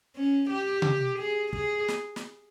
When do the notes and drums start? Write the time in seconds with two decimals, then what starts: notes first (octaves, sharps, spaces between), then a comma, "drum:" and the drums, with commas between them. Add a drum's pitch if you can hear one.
0.16 C#4
0.50 G4
0.82 drum: tom C3
1.19 G#4
1.53 G#4, drum: kick
1.88 drum: snare
2.16 drum: snare